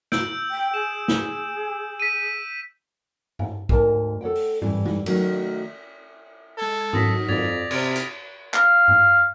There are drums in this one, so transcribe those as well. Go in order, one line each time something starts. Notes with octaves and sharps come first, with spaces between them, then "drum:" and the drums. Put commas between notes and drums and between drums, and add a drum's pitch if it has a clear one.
E6 G6 D7, drum: snare
G5
G#4 E7
drum: snare
B6 D#7
drum: tom G2
D2 G#2 D#4 A#4 A5, drum: kick
A4 C#5 F#5 G5
drum: open hi-hat
G2 E3 G3, drum: tom G#2
drum: tom G#3
D#3 F#3 A3 C#4 D#4, drum: cymbal
G#3 A4 G#6
D#3 F#3 D#6 A#6 B6, drum: tom G#2
F2 D5 G#6 A6 F7, drum: tom G2
C3 F6, drum: cymbal
drum: hi-hat
F5, drum: clap
drum: tom G2